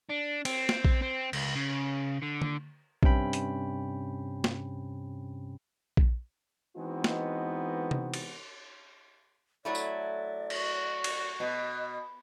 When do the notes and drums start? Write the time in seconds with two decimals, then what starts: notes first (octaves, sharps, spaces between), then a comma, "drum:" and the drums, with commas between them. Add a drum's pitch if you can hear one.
0.10 D4
0.45 C4, drum: cymbal
0.69 drum: snare
0.85 drum: kick A#1
1.02 C4
1.33 C#2, drum: cymbal
1.56 C#3
2.22 D3
2.42 drum: tom D3
3.03 G2 C3 C#4 G5 B5, drum: kick A#1
3.33 drum: hi-hat
4.44 drum: snare
5.97 drum: kick A#1
6.77 E3 G#3 B3 C4 D#4 F#4
7.04 drum: snare
7.91 drum: tom C3
8.14 drum: cymbal
9.65 F#3 A3 E4 D5
9.75 drum: tambourine
10.50 F#4, drum: cymbal
11.04 drum: cymbal
11.40 B2 D#5